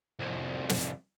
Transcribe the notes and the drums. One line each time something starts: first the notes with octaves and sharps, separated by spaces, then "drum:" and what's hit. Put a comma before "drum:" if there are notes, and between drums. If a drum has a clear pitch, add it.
C2 F2
drum: snare